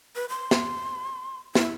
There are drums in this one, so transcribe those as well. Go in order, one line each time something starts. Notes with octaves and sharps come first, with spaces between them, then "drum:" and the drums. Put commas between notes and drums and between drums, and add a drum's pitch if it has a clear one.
B4
C6
drum: snare
E4, drum: snare